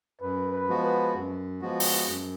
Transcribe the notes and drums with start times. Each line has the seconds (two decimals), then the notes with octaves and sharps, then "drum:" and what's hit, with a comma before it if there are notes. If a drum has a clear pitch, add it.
0.21 F#2 B4
0.52 B4
0.68 F3 G#3 B3 F#4
0.83 B4
1.15 F#2
1.61 F3 G#3 B3 F#4
1.80 drum: open hi-hat
2.07 F#2